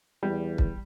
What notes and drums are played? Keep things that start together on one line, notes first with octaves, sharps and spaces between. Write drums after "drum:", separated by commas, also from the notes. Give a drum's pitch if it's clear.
E2 G3
drum: kick